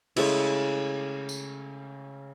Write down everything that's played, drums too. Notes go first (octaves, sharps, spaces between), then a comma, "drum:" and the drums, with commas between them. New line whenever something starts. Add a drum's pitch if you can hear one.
C#3 G#3 A3 E4, drum: cymbal
drum: tambourine